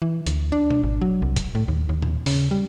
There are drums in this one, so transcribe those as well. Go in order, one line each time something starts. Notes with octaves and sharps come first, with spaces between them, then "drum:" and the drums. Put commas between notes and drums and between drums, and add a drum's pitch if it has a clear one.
E3
D2, drum: hi-hat
D4
drum: tom B2
G#1
F#3
C2
drum: kick, hi-hat
A2
D#2
D#2
drum: tom A2
C#3, drum: open hi-hat
G3